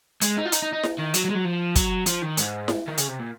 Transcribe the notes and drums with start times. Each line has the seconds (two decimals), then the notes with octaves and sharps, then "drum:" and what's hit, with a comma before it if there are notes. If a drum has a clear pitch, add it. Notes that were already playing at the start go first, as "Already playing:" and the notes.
0.22 G#3, drum: hi-hat
0.38 D#4
0.46 F4
0.52 D#4, drum: hi-hat
0.62 D#4
0.73 D#4
0.83 drum: snare E4
0.98 D#3
1.14 F#3, drum: hi-hat
1.25 F#3
1.30 G#3
1.35 F#3
1.45 F3
1.76 F#3, drum: kick, hi-hat
2.06 F3, drum: hi-hat
2.22 D#3
2.37 G#2, drum: hi-hat
2.68 drum: snare E4
2.88 D#3
2.98 C#3, drum: hi-hat
3.08 C3
3.19 A#2